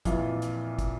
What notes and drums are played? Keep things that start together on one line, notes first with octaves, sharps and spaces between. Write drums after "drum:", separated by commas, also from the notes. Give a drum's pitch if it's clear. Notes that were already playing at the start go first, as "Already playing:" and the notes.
F2 A#2 E3 E4 F4, drum: kick, hi-hat
drum: hi-hat
drum: kick, hi-hat